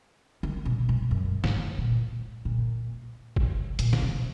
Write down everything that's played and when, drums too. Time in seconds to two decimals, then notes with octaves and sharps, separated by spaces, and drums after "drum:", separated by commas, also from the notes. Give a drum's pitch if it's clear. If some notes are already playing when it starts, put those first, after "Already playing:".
0.43 D#3
0.65 B2
0.89 B2
1.11 F#2
1.44 G#2, drum: snare
1.78 A#2
2.45 A#2
3.36 drum: kick
3.79 A#2, drum: hi-hat
3.93 drum: snare
4.02 B2